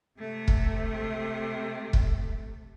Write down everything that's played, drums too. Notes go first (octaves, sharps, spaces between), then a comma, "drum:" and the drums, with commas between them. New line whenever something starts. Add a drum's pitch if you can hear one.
C3 A3
drum: kick
drum: kick